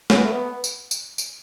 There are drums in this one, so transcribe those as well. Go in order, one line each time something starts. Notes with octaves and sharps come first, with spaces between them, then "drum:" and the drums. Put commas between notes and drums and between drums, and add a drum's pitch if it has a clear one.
C#4, drum: snare
B3
A3
B3
drum: tambourine
drum: tambourine
drum: tambourine